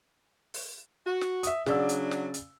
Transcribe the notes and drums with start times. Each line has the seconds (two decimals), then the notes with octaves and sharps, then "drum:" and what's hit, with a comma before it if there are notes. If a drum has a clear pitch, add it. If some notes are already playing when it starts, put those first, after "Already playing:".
0.54 drum: open hi-hat
1.06 F#4
1.21 drum: snare
1.43 E5 D#6, drum: hi-hat
1.66 C#3 F#3 D4 D5 E6, drum: snare
1.89 drum: hi-hat
2.11 drum: snare
2.34 drum: hi-hat